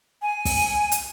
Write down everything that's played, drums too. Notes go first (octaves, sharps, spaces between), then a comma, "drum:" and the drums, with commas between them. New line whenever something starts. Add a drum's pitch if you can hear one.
G#5
drum: kick, open hi-hat
drum: hi-hat